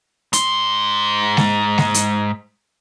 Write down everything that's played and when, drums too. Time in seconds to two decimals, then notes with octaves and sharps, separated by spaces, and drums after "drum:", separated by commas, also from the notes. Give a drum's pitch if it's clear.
0.33 G#2 C6, drum: hi-hat
1.37 drum: snare G#3
1.78 drum: snare G#3
1.94 drum: hi-hat